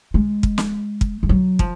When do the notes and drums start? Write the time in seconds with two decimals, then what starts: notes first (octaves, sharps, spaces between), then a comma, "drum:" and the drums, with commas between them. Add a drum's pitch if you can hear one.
0.14 G#3
0.43 drum: kick
0.58 drum: snare
1.01 drum: kick
1.23 G#3
1.29 F#3
1.59 F3, drum: kick